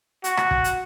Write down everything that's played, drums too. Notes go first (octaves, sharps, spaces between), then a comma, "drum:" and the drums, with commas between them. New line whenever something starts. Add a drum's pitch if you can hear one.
F#4, drum: hi-hat
drum: rim click
drum: kick
drum: hi-hat